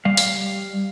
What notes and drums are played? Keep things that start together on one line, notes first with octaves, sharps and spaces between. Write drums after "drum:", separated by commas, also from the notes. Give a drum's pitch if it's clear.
G3 F5
drum: open hi-hat